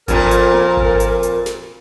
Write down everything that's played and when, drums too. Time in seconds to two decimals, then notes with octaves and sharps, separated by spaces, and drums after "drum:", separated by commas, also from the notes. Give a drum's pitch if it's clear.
0.08 F2 A#2 A#4, drum: kick G#1, hi-hat
0.31 drum: hi-hat
0.54 drum: tom A#3
0.77 drum: kick G#1
1.00 drum: hi-hat
1.23 drum: hi-hat
1.46 drum: snare